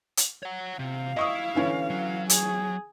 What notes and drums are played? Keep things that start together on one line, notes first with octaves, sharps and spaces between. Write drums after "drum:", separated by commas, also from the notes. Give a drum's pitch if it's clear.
drum: hi-hat
C#5 F#5
C3 F5
E4 D#5 C#6 D#6
D3 E3 C#4
F#3
G#4, drum: hi-hat